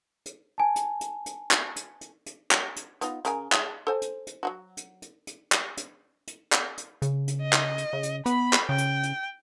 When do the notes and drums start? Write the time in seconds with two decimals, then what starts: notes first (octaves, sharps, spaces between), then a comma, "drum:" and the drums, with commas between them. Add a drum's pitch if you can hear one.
0.26 drum: hi-hat
0.58 G#5 A5
0.76 drum: hi-hat
1.01 drum: hi-hat
1.26 drum: hi-hat
1.51 drum: clap
1.76 drum: hi-hat
2.01 drum: hi-hat
2.26 drum: hi-hat
2.51 drum: clap
2.76 drum: hi-hat
3.01 B3 D#4 F4, drum: hi-hat
3.25 C#3 A#4 G#5, drum: hi-hat
3.52 G#4, drum: clap
3.87 A4 C5 G#5
4.02 drum: hi-hat
4.27 drum: hi-hat
4.43 F#3 F4 F#4
4.77 drum: hi-hat
5.02 drum: hi-hat
5.27 drum: hi-hat
5.52 drum: clap
5.77 drum: hi-hat
6.27 drum: hi-hat
6.52 drum: clap
6.78 drum: hi-hat
7.02 C#3, drum: hi-hat
7.28 drum: hi-hat
7.42 D#5
7.53 drum: clap
7.78 drum: hi-hat
7.93 C#3
8.03 drum: hi-hat
8.26 B3 B5, drum: hi-hat
8.53 drum: clap
8.69 C#3 G5
8.78 drum: hi-hat
9.03 drum: hi-hat